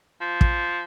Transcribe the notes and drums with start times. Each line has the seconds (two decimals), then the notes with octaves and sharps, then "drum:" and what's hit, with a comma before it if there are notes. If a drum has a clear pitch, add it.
0.21 F3
0.41 drum: kick